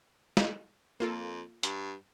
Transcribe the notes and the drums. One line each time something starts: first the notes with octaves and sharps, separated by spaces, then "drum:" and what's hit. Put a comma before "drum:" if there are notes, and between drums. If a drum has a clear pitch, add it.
drum: snare
F2 A#3 F4 A4
G2, drum: hi-hat